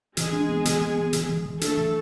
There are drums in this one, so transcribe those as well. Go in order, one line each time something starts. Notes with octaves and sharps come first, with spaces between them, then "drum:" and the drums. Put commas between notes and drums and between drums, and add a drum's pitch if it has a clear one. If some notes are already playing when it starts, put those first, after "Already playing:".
E3 G#3 G#4, drum: hi-hat
D4
B3
E3, drum: hi-hat
B3
B3
E3, drum: hi-hat
E3
E3
A3 D4 A4, drum: hi-hat
E3